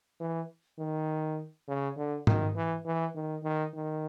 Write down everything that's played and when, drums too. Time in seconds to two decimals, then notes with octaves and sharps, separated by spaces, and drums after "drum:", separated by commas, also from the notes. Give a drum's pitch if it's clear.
0.20 E3
0.79 D#3
1.68 C#3
1.97 D3
2.27 D#3, drum: tom G#2
2.56 E3
2.85 E3
3.15 D#3
3.44 D#3
3.74 D#3